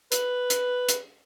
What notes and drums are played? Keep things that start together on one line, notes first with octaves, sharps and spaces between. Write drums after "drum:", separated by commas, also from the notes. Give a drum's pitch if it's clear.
B4, drum: hi-hat
drum: hi-hat
drum: hi-hat